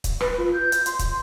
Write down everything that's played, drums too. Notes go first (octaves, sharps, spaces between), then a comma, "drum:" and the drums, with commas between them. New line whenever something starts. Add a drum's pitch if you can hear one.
drum: kick C#1, hi-hat
B4, drum: rim click
F4
G6
drum: hi-hat
C6, drum: hi-hat
drum: kick C#1, hi-hat